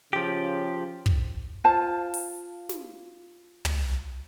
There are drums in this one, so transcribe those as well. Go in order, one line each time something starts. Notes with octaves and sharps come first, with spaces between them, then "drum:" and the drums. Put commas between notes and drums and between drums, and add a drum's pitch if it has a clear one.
C#3 F3 G4
drum: kick
F4 C5 F5 A5
drum: open hi-hat
drum: snare
drum: tom